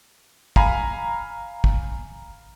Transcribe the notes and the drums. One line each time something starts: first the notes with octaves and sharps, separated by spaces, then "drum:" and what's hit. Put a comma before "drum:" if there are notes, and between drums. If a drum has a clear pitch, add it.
F5 G#5 A#5 B5, drum: kick
drum: kick